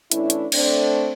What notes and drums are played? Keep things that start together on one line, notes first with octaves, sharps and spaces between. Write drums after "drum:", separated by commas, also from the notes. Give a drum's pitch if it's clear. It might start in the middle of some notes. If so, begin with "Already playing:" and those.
E3 A3 C#4 D4 E4, drum: hi-hat
drum: hi-hat
A3 C4 D4, drum: cymbal